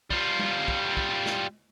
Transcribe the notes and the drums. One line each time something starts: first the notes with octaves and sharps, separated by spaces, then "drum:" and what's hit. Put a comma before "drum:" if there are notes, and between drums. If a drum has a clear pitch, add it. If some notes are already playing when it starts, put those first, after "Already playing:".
G3 F4, drum: kick
drum: tom G3
drum: kick
drum: kick
drum: snare